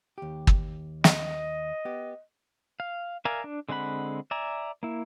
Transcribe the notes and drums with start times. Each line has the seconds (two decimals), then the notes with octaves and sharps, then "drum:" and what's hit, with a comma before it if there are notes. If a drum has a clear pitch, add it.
0.18 D#2 G4
0.47 drum: kick
1.04 D#5, drum: snare
1.85 B3 G4
2.80 F5
3.25 A#4 D5 E5 F5 G#5
3.44 D4
3.69 D3 G#3 C4 F#5 B5
4.31 D5 E5 G#5 A#5
4.83 A#3 E4